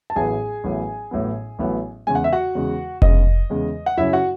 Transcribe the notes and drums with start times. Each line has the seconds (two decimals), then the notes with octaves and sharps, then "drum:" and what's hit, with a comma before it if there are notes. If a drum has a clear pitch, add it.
0.10 A5
0.16 A1 A2 F#3 B3 G#4 G#5
0.64 A1 A2 F#3 B3
1.11 A1 A2 F#3 B3
1.59 A1 A2 F#3 B3
2.07 E2 C#3 G#3 G#5
2.15 F#5
2.24 E5
2.32 F#4 F#5
2.55 E2 C#3 G#3
3.02 E2 C#3 G#3 D#5, drum: kick F1
3.50 E2 C#3 G#3
3.86 F#5
3.97 F#2 C#3 F#3 C#4 E4 E5
4.13 F#4 F#5